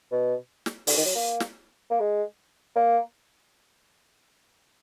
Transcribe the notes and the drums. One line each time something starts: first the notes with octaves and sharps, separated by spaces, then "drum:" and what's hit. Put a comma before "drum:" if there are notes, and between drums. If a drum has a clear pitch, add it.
B2
drum: snare
D3, drum: open hi-hat
D#3
F#3
A#3
drum: snare
A#3
G#3
A#3